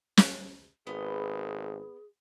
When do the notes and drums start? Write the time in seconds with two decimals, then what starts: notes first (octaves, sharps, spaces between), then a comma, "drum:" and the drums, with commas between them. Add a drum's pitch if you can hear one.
0.17 drum: snare
0.87 G#1 B3 G#4 B4 D#5